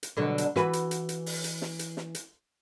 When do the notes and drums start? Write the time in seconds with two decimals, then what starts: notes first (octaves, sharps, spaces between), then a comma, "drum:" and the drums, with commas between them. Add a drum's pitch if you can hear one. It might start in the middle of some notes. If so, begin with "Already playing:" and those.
0.03 drum: hi-hat
0.17 B2 D3 F#3
0.38 drum: hi-hat
0.56 E3 F#4 B4, drum: snare
0.73 drum: hi-hat
0.91 drum: hi-hat
1.09 drum: hi-hat
1.26 drum: open hi-hat
1.44 drum: hi-hat
1.62 drum: snare
1.79 drum: hi-hat
1.97 drum: snare
2.15 drum: hi-hat